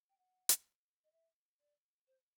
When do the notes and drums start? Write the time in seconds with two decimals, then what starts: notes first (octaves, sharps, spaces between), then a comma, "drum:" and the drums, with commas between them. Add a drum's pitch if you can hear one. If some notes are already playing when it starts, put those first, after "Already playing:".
0.09 G5
0.18 F#5
0.49 drum: hi-hat
1.04 D#5
1.12 E5
1.59 D5
2.07 C5